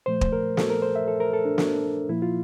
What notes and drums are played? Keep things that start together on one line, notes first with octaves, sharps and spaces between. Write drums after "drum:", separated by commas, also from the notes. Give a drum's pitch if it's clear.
A#2 F3 A3 C5
C5, drum: kick
A#4
A4, drum: snare
A#4
C5
E5
A4
A#4
A4
D4
D4, drum: snare
A#2 F3 A#3 E4
F4